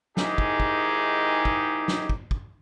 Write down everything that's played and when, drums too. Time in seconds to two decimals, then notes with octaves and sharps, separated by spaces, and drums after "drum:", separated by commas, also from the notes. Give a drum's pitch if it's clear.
0.17 G#2 D#3 D#4 E4 G4 G#4, drum: snare
0.38 drum: kick
0.60 drum: kick
1.45 drum: kick
1.88 drum: snare
2.10 drum: kick
2.31 drum: kick